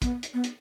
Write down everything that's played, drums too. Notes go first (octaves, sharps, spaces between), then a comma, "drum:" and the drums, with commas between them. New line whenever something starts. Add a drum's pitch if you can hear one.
B3, drum: kick, hi-hat
drum: hi-hat
B3
drum: hi-hat